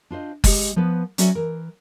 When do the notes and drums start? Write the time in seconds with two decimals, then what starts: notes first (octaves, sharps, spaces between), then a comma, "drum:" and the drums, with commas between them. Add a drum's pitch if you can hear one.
0.10 D4 F4 C5 D#5
0.44 G#3 G4, drum: kick F#1, open hi-hat
0.76 F3 B3 B4
1.18 F#3 C#4 F#4 A4 D5 E5, drum: hi-hat
1.35 E3 A#4